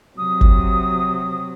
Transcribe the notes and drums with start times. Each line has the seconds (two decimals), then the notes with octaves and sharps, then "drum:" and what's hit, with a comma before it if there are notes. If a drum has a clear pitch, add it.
0.18 C3 F#3 D#6
0.41 drum: kick G1